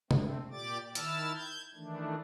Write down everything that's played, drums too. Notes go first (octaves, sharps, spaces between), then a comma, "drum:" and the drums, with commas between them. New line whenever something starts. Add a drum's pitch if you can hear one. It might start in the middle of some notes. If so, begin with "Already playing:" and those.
A3 C4, drum: tom
A#2 G4 D5 D6 A6
D#3 E4 A5 E6 F6 A6, drum: hi-hat
G6 G#6
D#3 E3 A3 D4